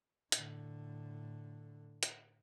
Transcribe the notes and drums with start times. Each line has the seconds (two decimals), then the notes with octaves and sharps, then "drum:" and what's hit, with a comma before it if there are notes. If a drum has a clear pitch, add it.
0.32 A2 D3, drum: hi-hat
2.03 drum: hi-hat